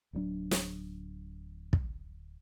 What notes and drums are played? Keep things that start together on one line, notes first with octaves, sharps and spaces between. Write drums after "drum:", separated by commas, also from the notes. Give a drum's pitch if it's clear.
D1 G2 F#3 D4
drum: snare
drum: kick